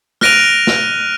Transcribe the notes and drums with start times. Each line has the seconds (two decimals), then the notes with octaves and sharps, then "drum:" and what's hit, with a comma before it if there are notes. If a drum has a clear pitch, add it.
0.21 F6 F#6 A#6 D7 D#7 F7, drum: snare
0.67 drum: snare